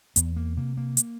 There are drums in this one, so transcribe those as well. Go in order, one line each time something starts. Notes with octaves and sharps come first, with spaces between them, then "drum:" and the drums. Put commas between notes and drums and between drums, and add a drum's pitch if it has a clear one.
E2 B3, drum: hi-hat
A#3
C3 A#3
A#3
drum: hi-hat